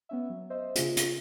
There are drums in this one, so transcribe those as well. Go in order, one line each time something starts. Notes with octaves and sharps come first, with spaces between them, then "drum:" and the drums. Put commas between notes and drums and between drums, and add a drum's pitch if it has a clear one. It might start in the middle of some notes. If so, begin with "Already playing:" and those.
B3 C#4 E5
F#3
C5 D#5 E5
C#3 A#3 F4 G#4, drum: hi-hat
drum: hi-hat